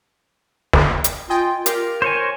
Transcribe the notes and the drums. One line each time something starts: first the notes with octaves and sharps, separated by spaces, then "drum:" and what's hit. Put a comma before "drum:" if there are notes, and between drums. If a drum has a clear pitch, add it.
drum: snare
drum: hi-hat
F4 D#5 G5 G#5
F4 G4 A#4, drum: hi-hat
C5 C#5 G#5